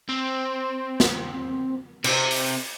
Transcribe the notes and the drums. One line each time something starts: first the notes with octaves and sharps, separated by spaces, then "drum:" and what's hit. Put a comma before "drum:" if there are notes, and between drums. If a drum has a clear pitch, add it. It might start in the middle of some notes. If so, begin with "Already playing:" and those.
C4
drum: snare
C3 C4, drum: cymbal
drum: open hi-hat